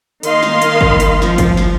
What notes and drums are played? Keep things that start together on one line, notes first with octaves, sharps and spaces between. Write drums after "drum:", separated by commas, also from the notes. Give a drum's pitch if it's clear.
D#3 A#3 A#4 D#5 F5 C6, drum: hi-hat
drum: snare
drum: hi-hat
drum: kick G1
drum: hi-hat
F3, drum: snare
drum: kick G1, hi-hat
drum: snare